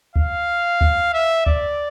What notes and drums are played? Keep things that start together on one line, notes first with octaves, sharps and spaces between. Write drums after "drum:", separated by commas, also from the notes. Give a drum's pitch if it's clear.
F5, drum: kick D2
drum: kick D2
E5
D5, drum: kick D2